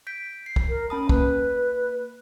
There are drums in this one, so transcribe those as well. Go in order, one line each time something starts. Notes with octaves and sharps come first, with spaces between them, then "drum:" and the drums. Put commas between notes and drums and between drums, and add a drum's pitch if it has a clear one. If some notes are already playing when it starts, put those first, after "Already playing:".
G6 B6 D7
C7
drum: kick
A#4
C#4 A5 B5 D#6
A#3 B4, drum: kick